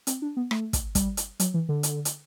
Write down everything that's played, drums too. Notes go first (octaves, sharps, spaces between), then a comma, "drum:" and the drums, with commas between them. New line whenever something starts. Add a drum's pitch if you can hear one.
C4, drum: hi-hat
D4
B3
A3, drum: rim click
drum: kick, hi-hat
G3, drum: kick, hi-hat
drum: hi-hat
F#3, drum: hi-hat
E3
D3
drum: hi-hat
drum: hi-hat